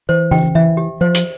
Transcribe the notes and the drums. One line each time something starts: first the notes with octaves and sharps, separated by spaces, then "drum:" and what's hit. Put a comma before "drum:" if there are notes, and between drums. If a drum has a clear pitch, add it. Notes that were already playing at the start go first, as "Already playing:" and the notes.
E3 C5
G5, drum: tom E3
E3 E5
G4
F3 C5
drum: hi-hat